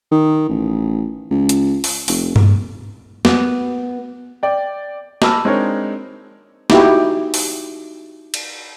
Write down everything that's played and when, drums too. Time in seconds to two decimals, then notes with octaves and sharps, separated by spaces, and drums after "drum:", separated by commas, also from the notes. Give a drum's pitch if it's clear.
0.11 D#3
0.50 A1
1.31 C#2
1.49 drum: hi-hat
1.84 drum: open hi-hat
2.08 F1, drum: open hi-hat
2.36 drum: tom G2
3.25 B3, drum: snare
4.43 D5 G5
5.22 D#5 A5 B5 E6 F6, drum: snare
5.45 G#3 C4 D4 D#4 A#4 C#5
6.70 D#4 E4 F#4 G4, drum: snare
7.34 drum: open hi-hat
8.34 drum: cymbal